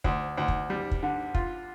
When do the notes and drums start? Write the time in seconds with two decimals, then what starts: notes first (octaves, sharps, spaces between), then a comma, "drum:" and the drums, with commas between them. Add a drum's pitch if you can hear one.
0.04 D2, drum: kick
0.37 D2
0.48 drum: kick
0.70 G3
0.91 drum: kick
1.03 D3
1.34 F4, drum: kick